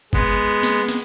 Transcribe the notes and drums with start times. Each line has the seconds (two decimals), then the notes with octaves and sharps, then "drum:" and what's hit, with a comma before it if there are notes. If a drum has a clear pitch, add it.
0.13 G#3 B3, drum: kick G1
0.63 drum: snare
0.89 drum: snare